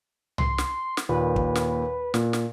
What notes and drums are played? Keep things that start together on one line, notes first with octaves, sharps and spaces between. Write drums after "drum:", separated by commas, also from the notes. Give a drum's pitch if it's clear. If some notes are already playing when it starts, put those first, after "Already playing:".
C6, drum: tom C2
drum: snare
drum: snare
D#2 A#2 B4
drum: kick
drum: snare
A#2, drum: snare
drum: snare